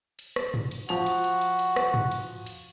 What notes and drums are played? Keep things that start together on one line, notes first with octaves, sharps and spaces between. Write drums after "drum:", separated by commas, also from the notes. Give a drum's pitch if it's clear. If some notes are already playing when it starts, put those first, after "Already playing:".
drum: cymbal
drum: rim click
drum: tom G2
drum: cymbal
F3 F#4 F7, drum: cymbal
drum: cymbal
drum: cymbal
drum: cymbal
drum: cymbal
drum: rim click
drum: tom G2
drum: cymbal
drum: cymbal